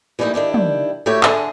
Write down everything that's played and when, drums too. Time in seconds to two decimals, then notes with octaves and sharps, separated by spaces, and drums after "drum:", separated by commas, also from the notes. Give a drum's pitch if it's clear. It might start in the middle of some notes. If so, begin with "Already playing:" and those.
0.19 E3 G3 A3 A#3 D#4 E4
0.34 D#3 D4 E4 G4
0.54 drum: tom
1.06 A3 E4 F#4 G4 C#5 E5
1.23 D3 G#4 A5, drum: clap